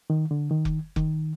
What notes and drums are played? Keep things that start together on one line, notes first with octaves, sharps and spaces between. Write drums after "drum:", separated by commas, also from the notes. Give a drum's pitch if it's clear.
D#3
D3
D#3
drum: kick F1
D#3, drum: kick F1